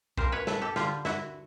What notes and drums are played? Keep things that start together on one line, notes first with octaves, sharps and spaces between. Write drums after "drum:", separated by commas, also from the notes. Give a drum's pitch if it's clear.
A#2 G3 A#4 C5, drum: kick B1
B4 C#5
A4 B4, drum: snare
G4 A4
D3 G3 F4 G4, drum: snare
E4 F#4, drum: snare